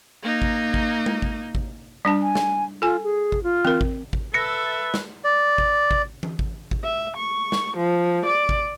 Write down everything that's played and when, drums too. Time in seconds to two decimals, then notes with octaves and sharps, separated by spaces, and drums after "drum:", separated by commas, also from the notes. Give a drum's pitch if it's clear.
0.23 A#3 D#4
0.42 drum: kick G#1
0.74 drum: kick G#1
1.06 drum: tom G#3
1.22 drum: kick G#1
1.55 drum: kick G#1
2.05 G3 D4 A5
2.22 G#5
2.35 drum: snare
2.82 F4 A4 G#5
3.04 G#4
3.32 drum: kick G#1
3.43 F4
3.65 C4 A#4, drum: tom E3
3.81 drum: kick G#1
4.13 drum: kick G#1
4.34 A4 B4 E5 A#6 C#7
4.94 drum: snare
5.24 D5
5.58 drum: kick G#1
5.91 drum: kick G#1
6.23 drum: tom E3
6.39 drum: kick G#1
6.71 drum: kick G#1
6.83 E5
7.16 C#6
7.52 drum: snare
7.76 F3
8.25 D5
8.49 drum: kick G#1